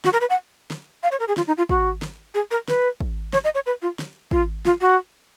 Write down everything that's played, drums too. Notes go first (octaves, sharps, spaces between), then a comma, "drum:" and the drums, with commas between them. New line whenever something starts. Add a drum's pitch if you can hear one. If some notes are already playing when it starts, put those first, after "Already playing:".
F#4, drum: snare
A#4
B4
F#5
drum: snare
F5
C#5
A#4
G#4
F4, drum: snare
D#4
F4
F#4, drum: kick
drum: snare
G#4
A#4
B4, drum: snare
drum: kick
C#5, drum: snare
D#5
C#5
B4
F4
drum: snare
F4, drum: kick
F4, drum: snare
F#4